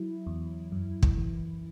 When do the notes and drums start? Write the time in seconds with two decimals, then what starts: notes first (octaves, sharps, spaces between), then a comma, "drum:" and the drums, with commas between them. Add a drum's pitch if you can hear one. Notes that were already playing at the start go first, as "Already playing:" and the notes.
Already playing: F#3 E4
0.27 E2
0.72 F#2
1.03 drum: kick
1.17 E3